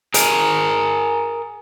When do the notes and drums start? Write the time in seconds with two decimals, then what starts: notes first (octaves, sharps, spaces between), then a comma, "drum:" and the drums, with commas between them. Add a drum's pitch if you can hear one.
0.14 G#4 A#4, drum: hi-hat